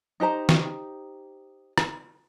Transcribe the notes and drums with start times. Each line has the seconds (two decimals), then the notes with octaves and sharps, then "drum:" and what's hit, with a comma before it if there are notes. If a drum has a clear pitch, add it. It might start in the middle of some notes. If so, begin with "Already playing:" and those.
0.20 D#4 G4 C5 A#5
0.49 drum: snare
1.78 drum: rim click